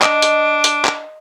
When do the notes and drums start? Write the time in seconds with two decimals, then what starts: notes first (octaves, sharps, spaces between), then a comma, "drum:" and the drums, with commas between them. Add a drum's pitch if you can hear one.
0.02 D4 D#5 D7, drum: clap
0.22 drum: hi-hat
0.64 drum: hi-hat
0.85 drum: clap